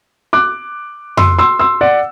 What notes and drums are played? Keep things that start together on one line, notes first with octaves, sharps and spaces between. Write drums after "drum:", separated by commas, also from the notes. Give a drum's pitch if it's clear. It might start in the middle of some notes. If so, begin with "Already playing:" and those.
D6 F#6
C6 E6, drum: tom F2
C6 E6
C6 E6
D5 F#5